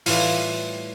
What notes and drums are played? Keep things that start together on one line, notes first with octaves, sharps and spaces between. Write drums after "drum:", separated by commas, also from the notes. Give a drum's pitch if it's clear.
A2 E3 G3 F4, drum: open hi-hat